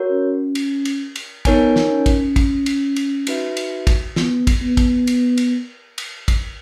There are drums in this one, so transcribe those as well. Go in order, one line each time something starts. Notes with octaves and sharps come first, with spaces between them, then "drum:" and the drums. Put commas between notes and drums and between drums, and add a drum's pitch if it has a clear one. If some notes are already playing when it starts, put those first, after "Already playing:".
Already playing: F#4 A#4 C#5
C#4
drum: cymbal
drum: cymbal
drum: cymbal
B3 D#4 A#4 C#5 G#5, drum: kick, cymbal
drum: snare
C#4
drum: kick, cymbal
drum: kick, cymbal
drum: cymbal
drum: cymbal
D#4 F#4 B4 E5, drum: cymbal
drum: cymbal
drum: kick, cymbal
B3, drum: snare
drum: kick, cymbal
B3
drum: kick, cymbal
drum: cymbal
drum: cymbal
drum: cymbal
drum: kick, cymbal